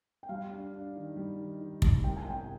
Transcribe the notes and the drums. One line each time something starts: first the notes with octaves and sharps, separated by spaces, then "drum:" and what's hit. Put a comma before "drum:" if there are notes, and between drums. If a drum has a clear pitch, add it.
G5
G3 F5
D4
D4
D#3
G3
D#3
D#3
G3, drum: kick
C2 G5
G#5
C2 G5